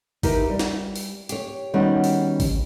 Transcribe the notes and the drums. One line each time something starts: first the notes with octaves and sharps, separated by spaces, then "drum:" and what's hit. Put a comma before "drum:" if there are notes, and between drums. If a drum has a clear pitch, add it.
D#4 E4 G4 A#4 B4, drum: kick, open hi-hat
G3
drum: snare
drum: open hi-hat
G4 C#5, drum: hi-hat
D#3 G3 B3 C#4 F#4
drum: open hi-hat
drum: kick, open hi-hat